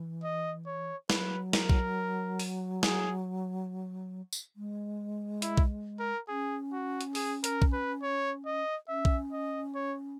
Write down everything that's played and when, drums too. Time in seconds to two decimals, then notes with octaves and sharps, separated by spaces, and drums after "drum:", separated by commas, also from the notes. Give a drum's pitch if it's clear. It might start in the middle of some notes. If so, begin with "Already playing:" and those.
Already playing: E3
0.24 D#5
0.66 C#5
1.10 F#3 B4, drum: snare
1.53 A#4, drum: snare
1.69 drum: kick B1
2.40 drum: open hi-hat
2.83 G#4, drum: snare
4.33 drum: tambourine
4.56 G#3
5.42 E4, drum: hi-hat
5.58 drum: kick B1
5.99 A#4
6.28 C#4 G#4
6.73 F#4
7.01 drum: hi-hat
7.15 G#4, drum: open hi-hat
7.44 A#4, drum: hi-hat
7.62 drum: kick B1
7.73 B4
8.03 C#5
8.46 D#5
8.88 C#4 E5
9.05 drum: kick B1
9.32 D#5
9.75 C#5